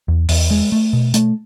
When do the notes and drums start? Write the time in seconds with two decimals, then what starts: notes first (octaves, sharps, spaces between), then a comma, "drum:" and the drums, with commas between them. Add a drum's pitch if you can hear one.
0.08 E2
0.29 E2, drum: open hi-hat
0.51 G#3
0.72 A3
0.93 B2
1.14 A3, drum: hi-hat